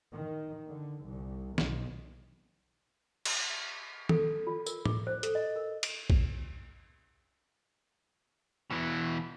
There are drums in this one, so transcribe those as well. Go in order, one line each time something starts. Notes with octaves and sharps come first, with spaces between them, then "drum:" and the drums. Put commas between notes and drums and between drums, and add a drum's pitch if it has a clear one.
D#3
D3
C2
B1, drum: snare
drum: cymbal
A4, drum: tom
F4
A#4, drum: tambourine
D6, drum: tom
C5
A4, drum: hi-hat
D#5
A#4
drum: cymbal
drum: kick
B2 E3